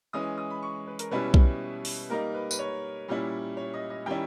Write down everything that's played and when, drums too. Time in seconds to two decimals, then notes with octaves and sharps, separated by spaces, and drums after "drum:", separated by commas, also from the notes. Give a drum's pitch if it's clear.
0.13 E3 G#3 C#4 D#6
0.38 D#6
0.50 B5
0.63 C#6
0.87 B4
0.99 A#4, drum: hi-hat
1.11 B2 G3 C#4 E4 B4
1.34 drum: kick B1
1.85 drum: open hi-hat
2.10 G3 A#3 D#4 A#4
2.34 B4
2.51 B4, drum: tambourine
2.59 C#5
3.08 A#2 G3 C#4 E4
3.57 C#5
3.74 D#5
3.90 D#5
4.06 D#3 G3 C#4 E4 G5